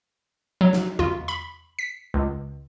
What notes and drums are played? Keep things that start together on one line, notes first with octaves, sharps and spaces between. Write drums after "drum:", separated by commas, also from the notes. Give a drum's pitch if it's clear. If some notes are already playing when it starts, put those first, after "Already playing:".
F#3
drum: snare
F4, drum: tom E2
B5, drum: hi-hat
B6
C#2